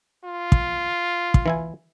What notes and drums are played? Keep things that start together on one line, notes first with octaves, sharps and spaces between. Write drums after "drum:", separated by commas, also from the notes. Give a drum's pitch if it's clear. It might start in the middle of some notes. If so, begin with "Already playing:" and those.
F4
drum: kick
drum: kick
E3 E4 G#5